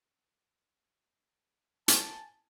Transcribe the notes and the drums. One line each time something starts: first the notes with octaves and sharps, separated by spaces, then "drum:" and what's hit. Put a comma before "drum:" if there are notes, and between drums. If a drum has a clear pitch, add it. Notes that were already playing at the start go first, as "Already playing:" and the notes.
G#5 A5, drum: hi-hat